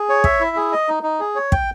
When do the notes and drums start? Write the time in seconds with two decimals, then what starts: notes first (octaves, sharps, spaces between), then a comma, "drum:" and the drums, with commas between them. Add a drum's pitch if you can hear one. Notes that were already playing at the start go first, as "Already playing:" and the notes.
Already playing: G#4
0.09 C#5
0.24 E5, drum: kick
0.40 E4
0.56 G#4
0.72 D#5
0.89 D#4
1.03 D#4
1.20 G#4
1.35 C#5
1.52 G5, drum: kick